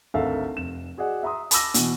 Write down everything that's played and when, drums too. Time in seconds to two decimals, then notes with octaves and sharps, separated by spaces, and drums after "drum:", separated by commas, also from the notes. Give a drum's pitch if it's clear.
0.14 G#1 D2 A4 A#4 E5 F5
0.57 F1 E7
0.98 F#4 G#4 D5 D#5 F#5
1.23 E5 A#5 C6 D#6
1.51 A5 B5 D6 E6 A#6, drum: hi-hat
1.74 B2 E3, drum: hi-hat